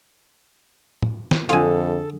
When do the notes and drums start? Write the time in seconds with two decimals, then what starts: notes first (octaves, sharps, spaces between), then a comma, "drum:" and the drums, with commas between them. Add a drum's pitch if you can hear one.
1.02 drum: tom A2
1.31 drum: snare
1.49 F2 D3 F4 G#4 A4 G#5, drum: hi-hat